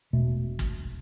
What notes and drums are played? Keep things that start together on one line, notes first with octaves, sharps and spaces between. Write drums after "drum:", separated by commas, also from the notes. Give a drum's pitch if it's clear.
E1 B2 A3
drum: kick